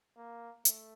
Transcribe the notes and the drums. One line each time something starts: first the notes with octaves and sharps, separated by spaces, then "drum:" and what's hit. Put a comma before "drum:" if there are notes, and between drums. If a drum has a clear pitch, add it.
A#3
A3, drum: hi-hat